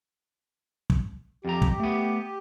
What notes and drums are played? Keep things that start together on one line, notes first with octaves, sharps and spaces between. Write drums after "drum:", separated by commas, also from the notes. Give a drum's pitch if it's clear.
drum: kick
F2 G4 A#5
drum: kick
A3 B3